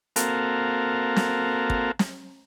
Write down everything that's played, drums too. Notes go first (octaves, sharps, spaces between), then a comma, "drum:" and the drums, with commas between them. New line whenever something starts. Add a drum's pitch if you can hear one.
A#3 C4 F#4 A4 A#4 F5, drum: hi-hat
drum: snare
drum: kick
drum: snare